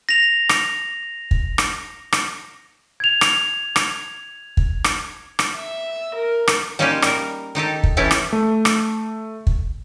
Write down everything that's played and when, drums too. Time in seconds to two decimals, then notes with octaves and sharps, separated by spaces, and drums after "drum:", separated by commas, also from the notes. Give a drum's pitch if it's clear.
0.09 A#6 F7
0.49 drum: rim click
1.31 drum: kick
1.58 drum: rim click
2.13 drum: rim click
3.00 G#6 F7
3.21 drum: rim click
3.76 drum: rim click
4.57 drum: kick
4.84 drum: rim click
5.39 drum: rim click
5.55 E5
6.14 A#4
6.48 drum: rim click
6.79 G3 A#3 C#4 D#4 F4 G4
7.02 G3 A#4, drum: rim click
7.55 D#3 D#4 G4 A4
7.83 drum: kick
7.97 E3 C#4 E4 G4 A4
8.11 drum: rim click
8.33 A3
8.65 drum: rim click
9.47 drum: kick